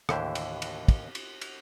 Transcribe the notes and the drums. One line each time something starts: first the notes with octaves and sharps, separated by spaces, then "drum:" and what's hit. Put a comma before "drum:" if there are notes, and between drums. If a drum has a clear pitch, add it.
D#2 A2 D3 E3 G4 C5, drum: rim click
drum: cymbal
drum: cymbal
drum: kick, cymbal
drum: cymbal
drum: cymbal